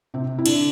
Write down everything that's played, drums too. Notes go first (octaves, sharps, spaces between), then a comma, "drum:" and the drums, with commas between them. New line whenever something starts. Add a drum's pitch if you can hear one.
C3 C4
E4
D3 D4, drum: cymbal